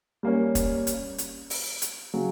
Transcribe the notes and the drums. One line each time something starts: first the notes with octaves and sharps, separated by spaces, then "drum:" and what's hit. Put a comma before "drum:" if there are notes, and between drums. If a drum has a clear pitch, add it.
G3 A#3 C#4
drum: kick, hi-hat
drum: hi-hat
drum: hi-hat
drum: open hi-hat
drum: hi-hat
C#3 F#3